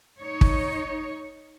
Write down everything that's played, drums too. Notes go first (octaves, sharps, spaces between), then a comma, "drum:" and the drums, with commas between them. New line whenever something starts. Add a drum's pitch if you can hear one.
D#4 C#5
drum: kick